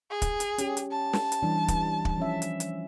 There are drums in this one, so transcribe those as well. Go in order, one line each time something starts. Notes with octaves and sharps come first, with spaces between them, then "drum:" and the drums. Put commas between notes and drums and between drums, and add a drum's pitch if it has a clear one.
G#4
drum: kick, hi-hat
drum: hi-hat
C#4 G4, drum: hi-hat
drum: hi-hat
A5
drum: snare
drum: hi-hat
E3 G3 D4
drum: kick, hi-hat
drum: kick
F3 C#4 E5
drum: hi-hat
drum: hi-hat